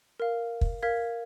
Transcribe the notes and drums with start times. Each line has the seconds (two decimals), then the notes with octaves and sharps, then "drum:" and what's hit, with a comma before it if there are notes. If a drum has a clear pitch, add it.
0.20 A#4 F5
0.61 drum: kick
0.83 A#4 F5 G#6 B6